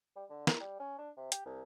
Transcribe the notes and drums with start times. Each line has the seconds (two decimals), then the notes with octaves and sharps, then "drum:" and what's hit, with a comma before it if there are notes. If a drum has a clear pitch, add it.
0.16 G3
0.30 D3
0.47 A#4, drum: snare
0.60 G3
0.80 C#4
0.98 D4
1.17 C3
1.32 G4, drum: hi-hat
1.46 C2